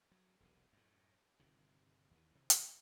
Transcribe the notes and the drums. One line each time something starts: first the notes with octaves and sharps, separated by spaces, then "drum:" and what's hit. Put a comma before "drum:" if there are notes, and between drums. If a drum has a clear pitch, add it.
F#3
E1 B1 C3
F#2 A2
G1 C3 D#3
D#2 E3
C3 D#3 E3
drum: hi-hat